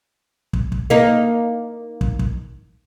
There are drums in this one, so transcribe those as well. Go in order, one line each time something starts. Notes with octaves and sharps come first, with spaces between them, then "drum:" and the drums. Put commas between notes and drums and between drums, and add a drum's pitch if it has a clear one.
drum: kick
drum: kick
A#3 D#4
drum: kick
drum: kick